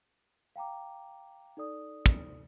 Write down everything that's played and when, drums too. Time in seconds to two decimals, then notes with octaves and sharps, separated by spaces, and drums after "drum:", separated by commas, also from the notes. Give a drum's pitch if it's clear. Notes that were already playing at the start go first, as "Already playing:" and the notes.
0.56 F5 G5 A#5 D6
1.57 D#4 A4 D5 D#6
2.06 drum: kick